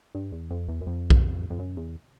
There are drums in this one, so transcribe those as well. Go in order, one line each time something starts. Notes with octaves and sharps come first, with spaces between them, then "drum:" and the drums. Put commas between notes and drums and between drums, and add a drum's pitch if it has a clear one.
G2
E2
F2
E2
F#2
F2
drum: kick B1
F2
F#2
E2